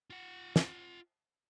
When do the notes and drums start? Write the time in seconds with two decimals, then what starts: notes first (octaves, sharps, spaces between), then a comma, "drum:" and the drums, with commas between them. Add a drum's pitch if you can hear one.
0.10 F4 F#5
0.56 drum: snare